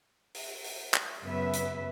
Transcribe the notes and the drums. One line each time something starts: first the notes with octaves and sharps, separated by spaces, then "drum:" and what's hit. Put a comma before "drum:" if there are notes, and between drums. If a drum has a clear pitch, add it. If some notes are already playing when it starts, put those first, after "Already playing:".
drum: open hi-hat
drum: open hi-hat
drum: clap
F#2 C#3 B3 B4 E5
drum: hi-hat